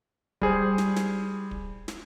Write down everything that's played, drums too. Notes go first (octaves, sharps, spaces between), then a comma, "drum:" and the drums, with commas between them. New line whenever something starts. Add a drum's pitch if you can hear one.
G3 G#4 C5, drum: kick
drum: snare
drum: snare
drum: kick
drum: snare